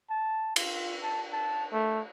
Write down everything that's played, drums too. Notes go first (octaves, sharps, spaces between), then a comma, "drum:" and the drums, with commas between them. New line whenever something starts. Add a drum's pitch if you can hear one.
A5
F4, drum: cymbal
A5
A5
A3